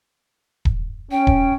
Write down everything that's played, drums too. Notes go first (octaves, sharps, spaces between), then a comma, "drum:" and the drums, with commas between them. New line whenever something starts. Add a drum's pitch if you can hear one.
drum: kick D#1
C#4 G5
drum: kick D#1